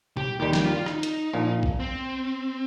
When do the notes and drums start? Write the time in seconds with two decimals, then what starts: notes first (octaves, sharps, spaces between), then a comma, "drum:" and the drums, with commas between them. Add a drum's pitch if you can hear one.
0.17 G4, drum: tom B2
0.40 D#2 D#3 G3 G4
0.53 G4, drum: snare
0.64 F4
0.76 F4
0.86 D#4, drum: rim click
1.03 drum: hi-hat
1.33 A#1 A#2 F3
1.63 drum: kick
1.80 C4